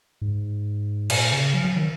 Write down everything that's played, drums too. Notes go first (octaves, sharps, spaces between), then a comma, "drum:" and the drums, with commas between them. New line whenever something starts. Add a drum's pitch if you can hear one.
G#2
A#2, drum: cymbal
C#3
F#3
F#3
D#3